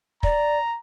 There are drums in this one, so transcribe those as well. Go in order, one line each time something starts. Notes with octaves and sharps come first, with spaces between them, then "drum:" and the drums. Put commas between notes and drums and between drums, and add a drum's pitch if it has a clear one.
D5 A#5, drum: kick